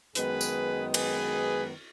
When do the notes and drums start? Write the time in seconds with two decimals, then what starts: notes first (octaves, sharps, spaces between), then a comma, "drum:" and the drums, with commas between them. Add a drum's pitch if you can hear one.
0.15 F#2 D#3 G#3 B3 G#4 B4, drum: hi-hat
0.41 drum: tambourine
0.94 G#4 B4, drum: cymbal